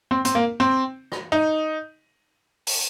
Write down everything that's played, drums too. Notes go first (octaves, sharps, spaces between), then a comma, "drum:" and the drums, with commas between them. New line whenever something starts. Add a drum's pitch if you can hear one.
C4
C4, drum: hi-hat
A#3
C4
drum: rim click
D#4
drum: open hi-hat